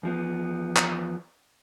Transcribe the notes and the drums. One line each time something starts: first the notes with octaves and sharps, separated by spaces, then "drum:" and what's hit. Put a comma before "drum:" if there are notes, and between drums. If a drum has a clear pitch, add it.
E2 F3 B3
drum: clap